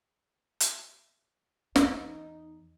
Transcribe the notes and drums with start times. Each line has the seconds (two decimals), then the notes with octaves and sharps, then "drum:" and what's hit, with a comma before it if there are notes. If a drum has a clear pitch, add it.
0.60 drum: hi-hat
1.76 E2 D#4, drum: snare